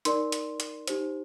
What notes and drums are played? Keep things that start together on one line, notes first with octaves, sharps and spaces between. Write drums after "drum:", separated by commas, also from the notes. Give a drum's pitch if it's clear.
D#4 A#4 D5 C6, drum: hi-hat
drum: hi-hat
drum: hi-hat
D#4 G4 C5, drum: hi-hat